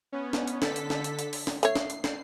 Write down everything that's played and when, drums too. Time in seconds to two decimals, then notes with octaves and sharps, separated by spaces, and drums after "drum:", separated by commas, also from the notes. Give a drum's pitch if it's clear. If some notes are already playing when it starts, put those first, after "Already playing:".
0.12 B3 C#4
0.33 drum: snare
0.47 drum: hi-hat
0.62 D3 A4 B6, drum: snare
0.76 drum: hi-hat
0.90 drum: snare
1.04 drum: hi-hat
1.19 drum: hi-hat
1.33 drum: open hi-hat
1.47 drum: snare
1.63 A3 C#5 C7, drum: hi-hat
1.76 drum: snare
1.90 drum: hi-hat
2.04 drum: snare